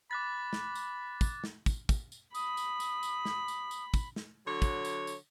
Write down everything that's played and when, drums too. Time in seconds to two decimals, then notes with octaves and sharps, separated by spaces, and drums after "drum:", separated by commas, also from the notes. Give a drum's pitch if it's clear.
0.11 B5 D6 F#6 A6
0.53 drum: snare
0.75 drum: tambourine
1.21 drum: kick, tambourine
1.44 drum: snare
1.66 drum: kick, tambourine
1.89 drum: kick, tambourine
2.12 drum: tambourine
2.35 B5 D#6, drum: tambourine
2.57 drum: tambourine
2.80 drum: tambourine
3.03 drum: tambourine
3.25 drum: snare
3.48 drum: tambourine
3.71 drum: tambourine
3.94 drum: kick, tambourine
4.16 drum: snare
4.47 D3 F#3 C#5
4.62 drum: kick, tambourine
4.85 drum: tambourine
5.07 drum: tambourine